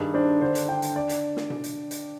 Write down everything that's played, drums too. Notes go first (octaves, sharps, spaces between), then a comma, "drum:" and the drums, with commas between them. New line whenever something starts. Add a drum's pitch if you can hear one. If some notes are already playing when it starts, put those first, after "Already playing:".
Already playing: G2 D#3 G#4
D4 C5
D3 C5
drum: hi-hat
D4 G5
drum: hi-hat
D5
drum: hi-hat
drum: snare
drum: tom B2
drum: hi-hat
drum: hi-hat